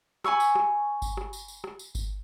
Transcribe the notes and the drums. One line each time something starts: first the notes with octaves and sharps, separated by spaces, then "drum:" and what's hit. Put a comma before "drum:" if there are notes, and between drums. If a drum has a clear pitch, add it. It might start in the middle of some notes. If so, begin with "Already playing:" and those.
G#5 B5 C#6 E6, drum: rim click
drum: tambourine
drum: rim click
drum: kick G1, tambourine
drum: rim click
drum: tambourine
drum: tambourine
drum: rim click
drum: tambourine
drum: kick G1, tambourine